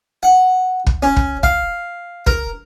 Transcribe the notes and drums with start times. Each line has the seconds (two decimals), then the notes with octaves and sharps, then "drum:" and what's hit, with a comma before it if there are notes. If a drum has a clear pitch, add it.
0.23 F#5
0.87 drum: kick
1.03 C#4
1.17 drum: kick
1.43 F5, drum: kick
2.27 A#4, drum: kick